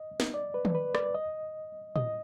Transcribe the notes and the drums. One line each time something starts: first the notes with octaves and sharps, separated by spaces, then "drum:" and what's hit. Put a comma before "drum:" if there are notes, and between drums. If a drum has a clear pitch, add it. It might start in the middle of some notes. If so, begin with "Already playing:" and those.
Already playing: D#5
drum: snare
D5
B4
drum: tom D#3
B4
D5, drum: rim click
D#5
D#5, drum: tom